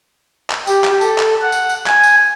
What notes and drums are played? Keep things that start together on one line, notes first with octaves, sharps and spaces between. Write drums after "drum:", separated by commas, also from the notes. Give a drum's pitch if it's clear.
drum: clap
G4, drum: tambourine
drum: clap
A4, drum: tambourine
drum: clap
F#5
drum: tambourine
drum: tambourine
G#5, drum: clap
drum: tambourine